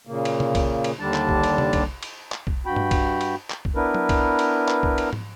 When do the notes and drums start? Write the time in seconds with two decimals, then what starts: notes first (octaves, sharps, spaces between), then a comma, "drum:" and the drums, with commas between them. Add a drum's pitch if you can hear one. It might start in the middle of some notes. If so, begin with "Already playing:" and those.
0.07 A#2 C#3 A#3
0.25 drum: cymbal
0.40 drum: tom C3
0.55 drum: kick B1, cymbal
0.84 drum: cymbal
0.99 D#2 D3 G3 D4 A5
1.14 drum: clap
1.29 drum: kick B1
1.43 drum: cymbal
1.58 drum: tom C3
1.73 drum: kick B1, cymbal
2.03 drum: cymbal
2.32 drum: clap
2.47 drum: kick B1
2.66 G2 F#4 G5 B5
2.76 drum: tom G2
2.91 drum: kick B1, cymbal
3.21 drum: cymbal
3.50 drum: clap
3.65 drum: kick B1
3.76 B3 D4 E4 A#4 B4
3.95 drum: tom F#3
4.09 drum: kick B1, cymbal
4.39 drum: cymbal
4.68 drum: clap
4.83 drum: kick B1
4.98 drum: cymbal
5.13 drum: tom G#2